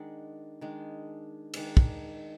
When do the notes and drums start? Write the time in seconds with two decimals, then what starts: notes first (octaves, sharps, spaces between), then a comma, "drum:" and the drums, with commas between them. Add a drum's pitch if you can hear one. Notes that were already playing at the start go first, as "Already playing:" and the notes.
Already playing: D#3 G#3 D4 F#5
0.61 D#3 G#3 D4
1.54 D#3 G#3 D4, drum: cymbal
1.77 drum: kick